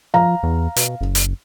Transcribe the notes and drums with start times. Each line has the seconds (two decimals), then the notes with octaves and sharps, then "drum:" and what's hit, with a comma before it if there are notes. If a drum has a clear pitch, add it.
0.14 F3 F5 A#5
0.43 E2
0.76 B2, drum: hi-hat
1.01 F#1
1.15 drum: hi-hat